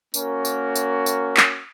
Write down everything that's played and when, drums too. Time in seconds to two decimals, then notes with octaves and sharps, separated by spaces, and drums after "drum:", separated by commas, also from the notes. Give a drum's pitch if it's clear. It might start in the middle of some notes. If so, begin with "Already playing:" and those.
0.14 A#3 C#4 F#4 A#4, drum: tambourine
0.45 drum: tambourine
0.76 drum: tambourine
1.06 drum: tambourine
1.37 drum: clap